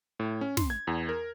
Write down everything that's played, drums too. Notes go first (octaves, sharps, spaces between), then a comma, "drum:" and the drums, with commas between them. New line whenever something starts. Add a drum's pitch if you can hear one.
A2
C#4
C6, drum: snare
G#6
E2
A#4